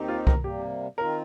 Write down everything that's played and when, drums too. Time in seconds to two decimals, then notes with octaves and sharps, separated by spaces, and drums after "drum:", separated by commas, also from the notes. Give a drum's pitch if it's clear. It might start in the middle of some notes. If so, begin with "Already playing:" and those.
Already playing: D#2 D#3 C4 D#4 G4
0.08 F4
0.27 A#4, drum: kick C2
0.44 C3 G3 A#3 G4
0.98 D#3 C4 F4 A#4